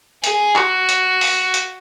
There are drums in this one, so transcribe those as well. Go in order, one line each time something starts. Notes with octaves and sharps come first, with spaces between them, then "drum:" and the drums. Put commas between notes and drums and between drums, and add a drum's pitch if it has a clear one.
G#4, drum: hi-hat
F#4, drum: clap
drum: hi-hat
drum: open hi-hat
drum: hi-hat